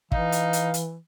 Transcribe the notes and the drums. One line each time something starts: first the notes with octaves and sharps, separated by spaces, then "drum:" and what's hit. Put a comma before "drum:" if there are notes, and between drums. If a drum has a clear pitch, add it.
E3 D#4 F5, drum: kick
drum: hi-hat
drum: hi-hat
drum: hi-hat